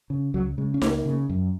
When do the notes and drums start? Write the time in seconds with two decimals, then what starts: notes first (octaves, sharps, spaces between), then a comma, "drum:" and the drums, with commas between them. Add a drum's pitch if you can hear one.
0.10 C#3
0.34 C#2 F#3
0.58 C#3 G#3
0.74 C#4
0.82 C#2 A#3, drum: snare D#4
1.05 C#3
1.30 F#2